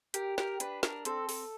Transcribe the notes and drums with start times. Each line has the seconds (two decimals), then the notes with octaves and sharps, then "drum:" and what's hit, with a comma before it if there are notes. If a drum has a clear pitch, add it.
0.14 G4 A#4, drum: hi-hat
0.38 G4 A#4, drum: snare
0.60 D4 B4, drum: hi-hat
0.83 D4 A#4, drum: snare
1.05 C4 A4, drum: hi-hat
1.29 A4, drum: open hi-hat